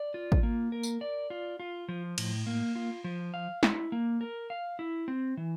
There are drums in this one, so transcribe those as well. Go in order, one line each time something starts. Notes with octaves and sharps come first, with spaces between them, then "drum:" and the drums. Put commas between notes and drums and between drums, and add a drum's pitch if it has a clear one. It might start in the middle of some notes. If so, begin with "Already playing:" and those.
Already playing: D5
F4
drum: kick
A#3
A#4
drum: tambourine
D5
F4
F4
F3
A2, drum: cymbal
A#3
F4
F3
F5
E4, drum: snare
A#3
A#4
F5
E4
C4
E3